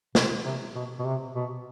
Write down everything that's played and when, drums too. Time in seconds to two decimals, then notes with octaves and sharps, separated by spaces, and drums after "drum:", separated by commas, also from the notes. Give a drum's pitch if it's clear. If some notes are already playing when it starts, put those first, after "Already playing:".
0.15 B2, drum: snare
0.45 C3
0.75 B2
0.99 B2
1.05 C3
1.36 B2